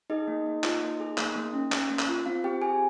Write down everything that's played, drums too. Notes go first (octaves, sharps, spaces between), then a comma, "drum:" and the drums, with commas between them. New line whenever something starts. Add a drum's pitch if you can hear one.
D#4 G#4 D#5
A#3
A#3
F4, drum: clap
A#3
G#4
A#3, drum: clap
A#3
C#4
C#4, drum: clap
A#3
drum: clap
F4
C4 F4 F5
C4 G4 G5
C4 G#4 G#5